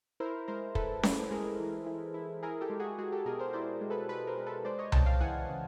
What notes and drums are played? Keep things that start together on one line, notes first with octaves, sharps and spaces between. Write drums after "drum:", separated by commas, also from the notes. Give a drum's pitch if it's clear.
E4 A#4 C5
G#3 A#4 C5
E4 A4 B4, drum: kick
E4, drum: snare C#4
G#3 G#4 A#4
E3
E4
E4
E4 G#4 A#4
G4 A4
G#3
F#4 G#4
G#3 F#4 G#4
G4 A4
B2 G#4 A#4
A#4 C5
E4 C5 D5
G#3
A4 B4
G#3 A4 B4
A#4 C5
G#3
A4 B4
G#3 C5 D5
C#5 D#5
C#3 G5 A5, drum: tom C2
F5 G5
E3 F#5 G#5
C#3